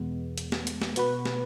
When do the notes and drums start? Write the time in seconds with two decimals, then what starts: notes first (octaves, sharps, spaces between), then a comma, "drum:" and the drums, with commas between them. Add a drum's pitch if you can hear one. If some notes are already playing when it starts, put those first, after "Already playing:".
Already playing: E2 B2 G#3 B3
0.38 drum: hi-hat
0.52 drum: snare
0.67 drum: hi-hat
0.82 drum: snare
0.96 B2 B3 F#4 B4, drum: hi-hat
1.26 drum: snare